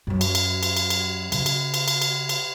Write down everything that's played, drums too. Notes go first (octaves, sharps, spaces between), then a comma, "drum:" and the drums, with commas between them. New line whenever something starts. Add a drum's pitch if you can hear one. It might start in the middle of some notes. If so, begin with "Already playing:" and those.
F#2 F#3
drum: cymbal
drum: cymbal
drum: cymbal
drum: cymbal
drum: cymbal
C#3, drum: cymbal
drum: cymbal
drum: cymbal
drum: cymbal
drum: cymbal
drum: cymbal